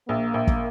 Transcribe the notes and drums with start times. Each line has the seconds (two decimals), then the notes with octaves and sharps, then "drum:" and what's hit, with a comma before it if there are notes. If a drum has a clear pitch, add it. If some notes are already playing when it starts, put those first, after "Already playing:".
0.09 A#1 A#3
0.34 A#1
0.47 drum: kick